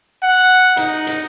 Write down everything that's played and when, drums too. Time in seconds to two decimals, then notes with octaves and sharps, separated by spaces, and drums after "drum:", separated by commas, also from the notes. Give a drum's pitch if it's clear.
0.23 F#5
0.77 D#4, drum: hi-hat
1.07 drum: hi-hat